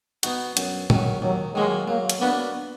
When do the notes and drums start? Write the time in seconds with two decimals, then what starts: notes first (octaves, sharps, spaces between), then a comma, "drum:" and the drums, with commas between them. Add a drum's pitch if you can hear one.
0.23 B3 D#4 F#4, drum: hi-hat
0.57 F#2, drum: hi-hat
0.90 D#3 F#3, drum: tom A#2
1.22 D#2 F#3
1.55 D#3 F#3 G#3 A#3
1.88 F#3 A#3
2.10 drum: hi-hat
2.21 A#3 B3 D4 F#4